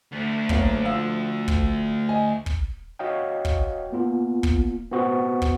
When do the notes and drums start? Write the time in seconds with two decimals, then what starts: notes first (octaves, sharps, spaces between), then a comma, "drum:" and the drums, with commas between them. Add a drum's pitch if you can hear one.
0.12 D2
0.49 F#2 A#3, drum: kick
0.85 F3 F5 E6
1.48 drum: kick
2.09 D#5 G#5
2.46 drum: kick
2.99 F#4 C#5 D#5 F5 G5
3.45 drum: kick
3.92 A#3 B3 F4
4.43 drum: kick
4.92 B3 C4 F#4 B4 C5
5.42 drum: kick